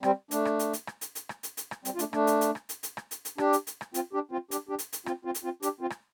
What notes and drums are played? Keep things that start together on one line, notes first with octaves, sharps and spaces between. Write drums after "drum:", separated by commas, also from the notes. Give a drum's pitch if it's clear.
G3 C4, drum: rim click
A3 D4, drum: hi-hat
drum: rim click
drum: hi-hat
drum: hi-hat
drum: rim click
drum: hi-hat
drum: hi-hat
drum: rim click
drum: hi-hat
drum: hi-hat
drum: rim click
G3 C4, drum: hi-hat
F4
A3 D4, drum: hi-hat
A3 D4, drum: rim click
drum: hi-hat
drum: hi-hat
drum: rim click
drum: hi-hat
drum: hi-hat
drum: rim click
drum: hi-hat
drum: hi-hat
D4 G4, drum: rim click
drum: hi-hat
drum: hi-hat
drum: rim click
C4 F4, drum: hi-hat
D4 G4
C4 F4
D4 G4, drum: hi-hat
D4 G4
drum: hi-hat
drum: hi-hat
C4 F4, drum: rim click
C4 F4
drum: hi-hat
C4 F4
D4 G4, drum: hi-hat
C4 F4
drum: rim click